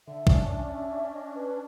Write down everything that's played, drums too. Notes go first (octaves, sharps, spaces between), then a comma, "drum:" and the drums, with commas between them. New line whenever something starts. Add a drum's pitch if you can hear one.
D3 E5
C#4 D4, drum: kick B1
E5
D#5
B4